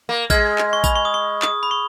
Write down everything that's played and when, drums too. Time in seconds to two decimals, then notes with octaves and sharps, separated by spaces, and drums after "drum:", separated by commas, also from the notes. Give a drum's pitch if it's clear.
0.09 A#3
0.30 G#3 F6 G#6, drum: kick A#1, tambourine
0.58 drum: clap
0.73 C#6
0.84 B5, drum: kick A#1, tambourine
0.96 C#6
1.05 D#6
1.14 C#6
1.42 D#6, drum: clap
1.63 B5
1.71 C#6